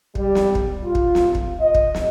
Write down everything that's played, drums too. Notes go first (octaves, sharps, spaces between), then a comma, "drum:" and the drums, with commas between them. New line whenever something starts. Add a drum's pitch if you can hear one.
G3, drum: kick
drum: snare
drum: kick
F4
drum: kick
drum: snare
drum: kick
D#5
drum: kick
drum: snare